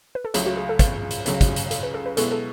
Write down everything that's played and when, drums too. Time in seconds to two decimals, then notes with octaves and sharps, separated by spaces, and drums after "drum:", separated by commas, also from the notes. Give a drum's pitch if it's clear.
0.15 B4
0.25 A4
0.34 C#2 C#3 F#3 A3 G#4, drum: hi-hat
0.46 F#4
0.57 G#4
0.69 A4
0.79 B4, drum: kick, hi-hat
1.10 drum: hi-hat
1.26 C#2 C#3 F#3, drum: hi-hat
1.41 drum: kick, hi-hat
1.56 drum: hi-hat
1.71 A4, drum: hi-hat
1.83 B4
1.94 A4
2.06 B4
2.17 B2 G#3 B3 E4 A4, drum: hi-hat
2.32 A4